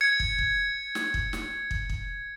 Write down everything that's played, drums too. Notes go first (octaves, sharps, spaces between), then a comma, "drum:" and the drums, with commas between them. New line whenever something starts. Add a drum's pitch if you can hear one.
G#6 C#7
drum: kick
drum: kick
drum: snare
drum: kick
drum: snare
drum: kick
drum: kick